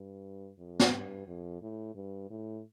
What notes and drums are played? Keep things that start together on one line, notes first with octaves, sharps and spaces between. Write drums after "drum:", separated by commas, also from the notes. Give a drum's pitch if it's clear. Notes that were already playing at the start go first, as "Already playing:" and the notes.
Already playing: G2
F2
drum: snare
G2
F2
A2
G2
A2